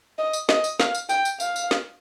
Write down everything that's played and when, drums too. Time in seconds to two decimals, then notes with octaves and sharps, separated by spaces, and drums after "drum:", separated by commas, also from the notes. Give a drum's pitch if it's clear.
0.18 D#5
0.33 drum: tambourine
0.49 D#5, drum: snare
0.64 drum: tambourine
0.80 F5, drum: snare
0.95 drum: tambourine
1.09 G5, drum: tambourine
1.25 drum: tambourine
1.40 F5, drum: tambourine
1.56 drum: tambourine
1.71 drum: snare